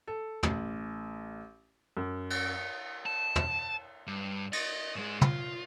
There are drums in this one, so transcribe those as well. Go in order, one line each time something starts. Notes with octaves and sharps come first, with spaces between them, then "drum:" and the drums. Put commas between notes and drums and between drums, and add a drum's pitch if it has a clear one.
A4
A1, drum: tom
F#2
drum: cymbal
A5
drum: tom
G2
D#5, drum: cymbal
G#2 G#3
F4, drum: tom